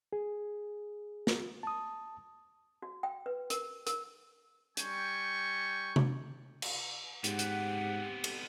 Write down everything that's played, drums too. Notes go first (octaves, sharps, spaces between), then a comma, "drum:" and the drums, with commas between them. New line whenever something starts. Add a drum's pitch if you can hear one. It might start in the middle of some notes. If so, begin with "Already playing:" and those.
G#4
drum: snare
A5 D#6
F#4
G5
B4
A#4, drum: hi-hat
A#4, drum: hi-hat
G3 G5 G#5 C#6, drum: hi-hat
drum: tom C3
drum: cymbal
G#2 B3 C4 G4 F#5, drum: hi-hat
drum: hi-hat
drum: cymbal